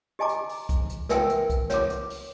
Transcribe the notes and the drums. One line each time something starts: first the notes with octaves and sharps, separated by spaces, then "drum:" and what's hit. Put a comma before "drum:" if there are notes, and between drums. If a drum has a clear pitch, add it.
G4 D#5 G#5 A#5 D6
drum: hi-hat
drum: open hi-hat
drum: kick C2, hi-hat
drum: hi-hat
A#4 B4 E5 G5 G#5 E6, drum: snare
drum: hi-hat
drum: kick C2, hi-hat
C#5 D6, drum: snare
drum: hi-hat
drum: open hi-hat